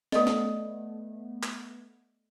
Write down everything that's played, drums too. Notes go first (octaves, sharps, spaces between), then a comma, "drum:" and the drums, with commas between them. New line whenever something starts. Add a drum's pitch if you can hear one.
A3 B3 A4 D5 D#5, drum: snare
drum: snare
drum: clap